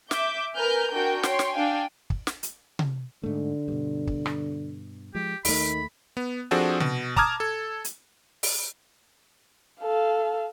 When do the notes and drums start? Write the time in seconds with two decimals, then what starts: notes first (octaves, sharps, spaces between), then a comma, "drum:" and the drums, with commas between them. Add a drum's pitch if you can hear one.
0.11 E5 D6 G6, drum: snare
0.55 A#4 B4 G#5 F6 G6
0.93 D4 F#4 A#4 G5 G#5 G6
1.23 C#5 G5 C6, drum: snare
1.39 drum: snare
1.54 D4 F5 G5 G#5
2.10 drum: kick
2.27 drum: snare
2.43 drum: hi-hat
2.79 drum: tom C3
3.23 G#2 D3 A3
3.68 G2 B2
4.07 drum: kick
4.26 drum: rim click
5.15 F3 G#3 G4
5.45 D#2 D#3 A3 B5, drum: open hi-hat
6.17 B3
6.51 F3 C4 D4 F#4 G#4 A4
6.80 B2, drum: tom C3
7.16 A5 A#5 D6 D#6 F6 G#6, drum: kick
7.40 A4
7.84 drum: hi-hat
8.43 drum: open hi-hat
9.81 A4 F5